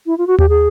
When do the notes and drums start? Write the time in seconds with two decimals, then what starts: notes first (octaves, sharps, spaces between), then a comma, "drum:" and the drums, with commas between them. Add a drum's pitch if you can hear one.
0.06 E4
0.18 F4
0.27 F#4
0.39 G4, drum: tom D#2
0.49 G#4